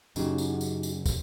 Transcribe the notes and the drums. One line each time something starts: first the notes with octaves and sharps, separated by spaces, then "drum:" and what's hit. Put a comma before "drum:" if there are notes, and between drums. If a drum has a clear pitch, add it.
F#2 C#3 D#4 F#4 G4, drum: tambourine
drum: tambourine
drum: tambourine
drum: tambourine
drum: kick, tambourine